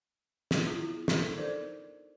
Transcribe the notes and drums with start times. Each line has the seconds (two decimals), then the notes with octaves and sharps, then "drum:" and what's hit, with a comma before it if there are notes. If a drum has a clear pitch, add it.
0.51 drum: snare
0.66 B3 E4 F4 G#4
1.08 D4 A4 A#4, drum: snare
1.38 D#4 A4 A#4 C5 D5